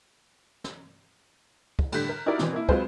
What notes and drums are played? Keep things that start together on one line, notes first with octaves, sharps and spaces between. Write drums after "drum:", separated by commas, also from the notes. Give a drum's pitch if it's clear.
drum: snare
drum: kick
A2 D3 G3 F#6 G6 B6, drum: cymbal
A#4
D#4 E4 F#4 G4 A#4 D5
B2 E3 C4, drum: snare
A#3 E4
F#3 G#3 C4 F4 B4 C5, drum: kick